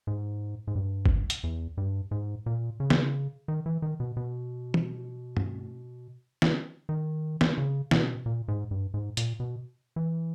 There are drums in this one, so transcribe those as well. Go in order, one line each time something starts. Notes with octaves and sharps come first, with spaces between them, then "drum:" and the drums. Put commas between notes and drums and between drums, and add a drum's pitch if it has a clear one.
G#2
G#2
G2
drum: kick G1
drum: hi-hat
E2
G2
G#2
A#2
C#3
drum: snare
D#3
E3
D#3
B2
B2
drum: tom
drum: tom G2
drum: snare
D#3
drum: snare
C#3
B2, drum: snare
A#2
G#2
G2
G#2
A#2, drum: hi-hat
B2
E3